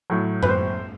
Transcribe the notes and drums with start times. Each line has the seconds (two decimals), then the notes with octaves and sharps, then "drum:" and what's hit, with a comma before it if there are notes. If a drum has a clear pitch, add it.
0.10 A2 F#3
0.43 B4, drum: tom F#2
0.49 C5